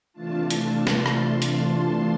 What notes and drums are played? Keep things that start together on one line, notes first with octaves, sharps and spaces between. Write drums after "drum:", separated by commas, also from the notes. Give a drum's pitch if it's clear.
C3 E3 A3 D4 F4 A5
A5, drum: hi-hat
C6, drum: snare
drum: rim click
drum: hi-hat